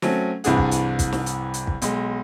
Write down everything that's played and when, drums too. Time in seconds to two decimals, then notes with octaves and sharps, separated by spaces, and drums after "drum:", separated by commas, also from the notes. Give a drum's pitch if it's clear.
0.02 F#3 A3 C4 C#4, drum: snare
0.44 C2 G2 E3 D4 G#4 F#5, drum: hi-hat
0.58 drum: kick
0.71 drum: hi-hat
0.99 drum: kick, hi-hat
1.12 drum: snare
1.26 drum: hi-hat
1.54 drum: hi-hat
1.67 drum: kick
1.82 B1 G#3, drum: hi-hat